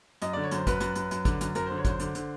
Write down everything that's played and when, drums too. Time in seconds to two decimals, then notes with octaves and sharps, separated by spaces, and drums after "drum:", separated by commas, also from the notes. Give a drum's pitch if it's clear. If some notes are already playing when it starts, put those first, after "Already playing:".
0.22 F#2 D#5, drum: hi-hat
0.33 D3 D5
0.43 C#5
0.51 F#2 C5, drum: hi-hat
0.67 F#2 B4, drum: kick, hi-hat
0.80 F#2, drum: hi-hat
0.95 F#2, drum: hi-hat
1.11 F#2, drum: hi-hat
1.25 D3, drum: kick, hi-hat
1.41 F#2, drum: hi-hat
1.55 F#2 A#4, drum: hi-hat
1.66 D3 C5
1.78 C#5
1.85 F#2 C5, drum: kick, hi-hat
2.00 D3, drum: hi-hat
2.15 D3, drum: hi-hat